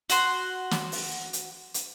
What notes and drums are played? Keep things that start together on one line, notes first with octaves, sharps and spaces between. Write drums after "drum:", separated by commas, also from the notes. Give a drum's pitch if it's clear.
F#4 C6, drum: hi-hat
drum: snare
drum: open hi-hat
drum: hi-hat
drum: hi-hat